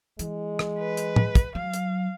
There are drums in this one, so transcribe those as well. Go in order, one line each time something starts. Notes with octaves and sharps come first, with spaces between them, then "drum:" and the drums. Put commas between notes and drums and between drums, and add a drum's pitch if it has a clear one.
E3 G#3, drum: hi-hat
drum: rim click
B4
drum: hi-hat
drum: tom
drum: kick, hi-hat
F#3 F5
drum: hi-hat